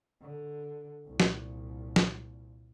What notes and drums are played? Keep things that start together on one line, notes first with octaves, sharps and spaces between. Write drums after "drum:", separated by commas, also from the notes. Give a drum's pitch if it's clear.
D3
C2 A#2
drum: snare
drum: snare